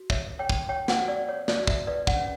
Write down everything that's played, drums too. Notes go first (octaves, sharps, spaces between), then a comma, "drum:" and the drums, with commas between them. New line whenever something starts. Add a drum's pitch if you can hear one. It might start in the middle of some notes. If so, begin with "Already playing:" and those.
Already playing: F#4
C#5 E5, drum: kick
C#5 G5
drum: kick
C#5 G5
F#5, drum: snare
F#4
D5
C#5
D5, drum: snare
F#4
E5, drum: kick
B4 D5
F#5, drum: kick
C#4